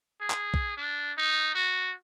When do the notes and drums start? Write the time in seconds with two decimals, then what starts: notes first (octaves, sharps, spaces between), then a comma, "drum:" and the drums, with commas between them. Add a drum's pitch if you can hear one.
0.21 G#4
0.30 drum: clap
0.54 drum: kick
0.77 D4
1.18 D#4
1.55 F#4